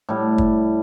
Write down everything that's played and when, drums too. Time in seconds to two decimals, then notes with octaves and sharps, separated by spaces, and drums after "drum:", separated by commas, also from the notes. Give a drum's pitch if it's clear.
0.09 A2 G3
0.38 drum: kick